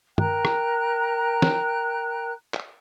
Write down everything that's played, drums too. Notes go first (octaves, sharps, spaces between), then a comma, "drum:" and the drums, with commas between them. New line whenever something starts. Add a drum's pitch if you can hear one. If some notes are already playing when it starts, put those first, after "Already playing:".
A#4 G5 A#5 F#6, drum: tom
drum: rim click
drum: snare
drum: clap